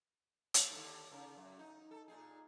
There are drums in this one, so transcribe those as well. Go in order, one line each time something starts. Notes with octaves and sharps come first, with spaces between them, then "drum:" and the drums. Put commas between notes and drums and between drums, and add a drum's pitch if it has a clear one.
drum: hi-hat
D#2 D3 A4
C#3 A#4
F#2
D#4
A4
A#2 D#4 G#4